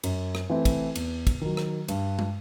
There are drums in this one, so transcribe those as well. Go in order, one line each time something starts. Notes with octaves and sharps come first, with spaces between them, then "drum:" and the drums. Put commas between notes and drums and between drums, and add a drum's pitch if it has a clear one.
F#2, drum: cymbal
drum: rim click
E3 A3 C4 E4
drum: kick, cymbal
E2, drum: cymbal
drum: kick, cymbal
D#3 F#3
drum: rim click
G2, drum: cymbal
drum: tom